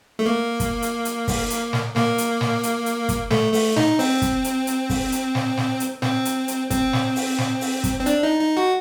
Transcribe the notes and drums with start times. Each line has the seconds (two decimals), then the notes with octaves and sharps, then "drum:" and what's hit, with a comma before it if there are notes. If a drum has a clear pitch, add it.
0.19 A3
0.26 A#3
0.60 drum: kick, hi-hat
0.82 drum: hi-hat
1.05 drum: hi-hat
1.28 drum: kick, open hi-hat
1.50 drum: hi-hat
1.73 drum: snare
1.96 A#3, drum: snare
2.18 drum: hi-hat
2.41 drum: snare
2.63 drum: hi-hat
2.86 drum: hi-hat
3.09 drum: kick, hi-hat
3.31 A3, drum: snare
3.53 A3, drum: open hi-hat
3.76 D#4, drum: snare
3.99 C4, drum: open hi-hat
4.22 drum: kick, hi-hat
4.44 drum: hi-hat
4.67 drum: hi-hat
4.90 drum: kick, open hi-hat
5.12 drum: hi-hat
5.35 drum: snare
5.57 drum: snare
5.80 drum: hi-hat
6.02 C4, drum: snare
6.25 drum: hi-hat
6.48 drum: hi-hat
6.71 C4, drum: kick, hi-hat
6.93 drum: snare
7.16 drum: open hi-hat
7.38 drum: snare
7.61 drum: open hi-hat
7.84 drum: kick, hi-hat
8.00 C4
8.06 D4, drum: hi-hat
8.23 D#4
8.41 D#4
8.57 F#4